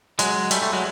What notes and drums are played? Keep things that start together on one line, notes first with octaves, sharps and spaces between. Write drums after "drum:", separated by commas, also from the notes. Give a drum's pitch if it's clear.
F#3 G#3, drum: hi-hat
G3 A3, drum: hi-hat
G3 A3
F#3 G#3